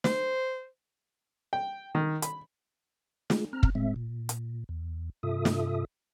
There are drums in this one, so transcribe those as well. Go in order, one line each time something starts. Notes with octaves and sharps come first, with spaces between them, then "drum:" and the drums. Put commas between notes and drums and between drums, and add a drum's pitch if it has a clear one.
C5, drum: snare
G5
D#3
B5, drum: hi-hat
G#3 A3 F4 G#4, drum: snare
C4 A#5 F6
drum: kick
A2 G#3 C4 E5
A#2
drum: hi-hat
E2
G2 C3 F4 A4 E5 D#6
drum: snare